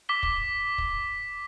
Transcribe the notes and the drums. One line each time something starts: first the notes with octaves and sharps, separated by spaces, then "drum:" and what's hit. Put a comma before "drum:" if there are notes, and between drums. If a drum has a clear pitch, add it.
D6 B6 G7
drum: kick
drum: kick